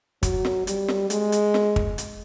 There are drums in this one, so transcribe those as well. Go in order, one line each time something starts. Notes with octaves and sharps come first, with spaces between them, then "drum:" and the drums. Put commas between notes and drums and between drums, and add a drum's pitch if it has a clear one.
F#3, drum: kick, hi-hat
drum: snare
G3, drum: hi-hat
drum: snare
G#3, drum: hi-hat
drum: hi-hat
drum: snare
drum: kick
drum: hi-hat